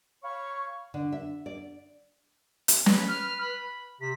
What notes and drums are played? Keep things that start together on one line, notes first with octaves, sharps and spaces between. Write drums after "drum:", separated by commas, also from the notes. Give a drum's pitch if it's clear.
C#5 F5 B5 C#6
D3
E5
D5
drum: hi-hat
B4, drum: snare
F6
B5
C3 B6